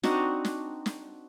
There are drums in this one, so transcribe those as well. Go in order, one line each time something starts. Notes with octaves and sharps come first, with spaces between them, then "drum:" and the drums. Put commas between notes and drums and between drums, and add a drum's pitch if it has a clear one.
C4 D4 D#4 F#4, drum: snare
drum: snare
drum: snare